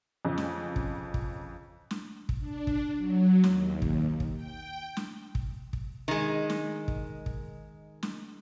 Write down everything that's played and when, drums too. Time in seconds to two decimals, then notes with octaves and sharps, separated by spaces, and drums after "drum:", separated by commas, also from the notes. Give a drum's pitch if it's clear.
0.25 F2 C#3
0.38 drum: snare
0.76 drum: kick
1.14 drum: kick
1.91 drum: snare
2.29 drum: kick
2.40 D4
2.67 drum: kick
2.96 F#3
3.44 D#2, drum: snare
3.82 drum: kick
4.20 drum: kick
4.35 G5
4.97 drum: snare
5.35 drum: kick
5.73 drum: kick
6.08 D#3 G#3
6.50 drum: snare
6.88 drum: kick
7.26 drum: kick
8.03 drum: snare